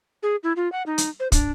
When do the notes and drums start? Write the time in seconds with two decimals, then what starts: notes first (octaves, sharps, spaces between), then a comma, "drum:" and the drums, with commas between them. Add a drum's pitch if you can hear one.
0.23 G#4
0.43 E4
0.56 F4
0.72 F#5
0.86 D#4
0.98 drum: hi-hat
1.20 C5
1.32 D4, drum: kick, hi-hat